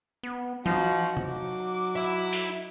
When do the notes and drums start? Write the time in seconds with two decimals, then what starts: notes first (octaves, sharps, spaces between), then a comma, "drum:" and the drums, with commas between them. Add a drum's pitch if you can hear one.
0.23 B3
0.66 F3 D#4 F#4, drum: tom E3
1.17 drum: tom C3
1.29 F#3 D6
1.96 E4 E5
2.33 drum: open hi-hat